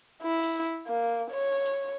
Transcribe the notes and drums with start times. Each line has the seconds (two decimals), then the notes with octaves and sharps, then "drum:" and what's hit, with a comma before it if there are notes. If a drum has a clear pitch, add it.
0.22 E4
0.43 drum: open hi-hat
0.87 A#3
1.31 C#5
1.66 drum: hi-hat